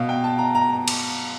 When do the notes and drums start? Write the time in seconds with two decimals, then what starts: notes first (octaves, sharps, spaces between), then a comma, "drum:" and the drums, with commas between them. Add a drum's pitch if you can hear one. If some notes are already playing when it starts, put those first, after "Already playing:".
Already playing: B2 F5
0.09 G5
0.24 A5
0.38 A#5
0.55 A#5
0.88 drum: cymbal